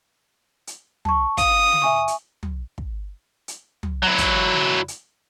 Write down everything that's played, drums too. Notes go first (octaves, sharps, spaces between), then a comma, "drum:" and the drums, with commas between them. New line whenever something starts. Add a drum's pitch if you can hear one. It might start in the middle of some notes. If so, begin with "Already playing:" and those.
drum: hi-hat
A5 C#6, drum: tom
F5 D#6, drum: kick, hi-hat
drum: tom C#3
E5 G#5 C#6
drum: hi-hat
drum: tom
drum: kick
drum: hi-hat
drum: tom
F#3 E4
drum: kick, hi-hat
drum: tom C#3
drum: hi-hat